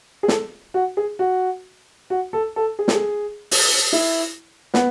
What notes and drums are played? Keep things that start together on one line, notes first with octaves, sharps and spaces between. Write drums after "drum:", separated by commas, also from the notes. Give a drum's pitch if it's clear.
G#4
A4, drum: snare
F#4
G#4
F#4
F#4
A4
A4
G#4
A4, drum: snare
G#4
drum: open hi-hat
E4
B3, drum: snare